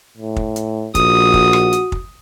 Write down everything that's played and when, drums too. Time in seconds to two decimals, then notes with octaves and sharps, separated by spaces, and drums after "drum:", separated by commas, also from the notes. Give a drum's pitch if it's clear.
0.17 A2
0.36 drum: kick
0.56 drum: hi-hat
0.95 A#1 F#4 D#6, drum: kick, hi-hat
1.34 drum: kick
1.53 drum: rim click
1.73 drum: hi-hat
1.92 drum: kick